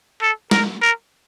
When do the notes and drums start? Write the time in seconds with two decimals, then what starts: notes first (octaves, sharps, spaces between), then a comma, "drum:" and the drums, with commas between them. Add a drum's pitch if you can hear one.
0.22 A4
0.51 A#4, drum: snare
0.82 A#4